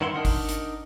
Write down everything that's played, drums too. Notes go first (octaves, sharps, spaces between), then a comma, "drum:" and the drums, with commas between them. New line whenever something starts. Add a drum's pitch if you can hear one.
G2 D#3 E4 F#5 C6
D4 D#4 A#4 F#5
drum: kick, open hi-hat
drum: hi-hat